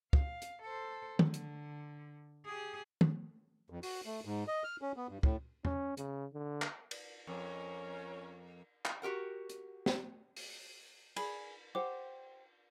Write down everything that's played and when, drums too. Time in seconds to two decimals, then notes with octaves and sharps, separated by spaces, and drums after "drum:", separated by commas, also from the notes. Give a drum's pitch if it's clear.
0.13 F5, drum: kick
0.42 drum: hi-hat
0.63 A4 C5
1.19 D3, drum: tom
1.34 drum: hi-hat
2.45 G4 G#4
3.01 drum: tom
3.70 F2
3.83 F#4, drum: open hi-hat
4.06 A3
4.25 G#2
4.48 D#5
4.64 F6
4.82 C#4
4.96 B3
5.09 G2
5.23 A2, drum: kick
5.65 C#4, drum: tom E2
5.97 C#3, drum: hi-hat
6.34 D3
6.62 drum: clap
6.91 drum: cymbal
7.27 F2 C#4 A#4
8.85 drum: clap
9.02 F#4 G4 A#4 F#5
9.49 drum: hi-hat
9.86 drum: snare
10.36 drum: open hi-hat
11.16 G#4 B5, drum: cymbal
11.75 G4 C5 F#5 D6